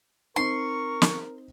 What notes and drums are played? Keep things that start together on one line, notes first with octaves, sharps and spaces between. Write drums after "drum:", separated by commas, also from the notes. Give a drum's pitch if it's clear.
C4 D#4 A#4 C6 C#6
drum: snare